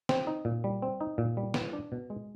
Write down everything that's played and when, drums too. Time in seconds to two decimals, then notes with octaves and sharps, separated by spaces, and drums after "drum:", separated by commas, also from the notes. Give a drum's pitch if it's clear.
0.09 C4, drum: snare
0.27 D#4
0.45 A#2
0.64 G3
0.82 C4
1.01 D#4
1.18 A#2
1.37 G3
1.54 B3, drum: snare
1.73 D4
1.92 B2
2.10 G#3